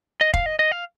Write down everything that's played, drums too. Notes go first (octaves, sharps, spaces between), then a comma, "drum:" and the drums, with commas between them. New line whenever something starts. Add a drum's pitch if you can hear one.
D#5
F5, drum: kick F1
D#5
D#5
F5